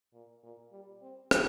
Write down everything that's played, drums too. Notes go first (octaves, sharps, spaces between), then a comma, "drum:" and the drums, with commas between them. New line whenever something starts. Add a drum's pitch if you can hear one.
A#2
A#2
G3
C4
drum: rim click